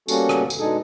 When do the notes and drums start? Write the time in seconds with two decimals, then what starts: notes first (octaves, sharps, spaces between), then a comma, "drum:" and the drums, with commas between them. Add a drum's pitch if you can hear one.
0.08 G3 A#3 B3 C#4 F#4 A4, drum: tambourine
0.29 drum: rim click
0.50 drum: tambourine
0.59 B2 G#3 D4 D#4 G#4 A4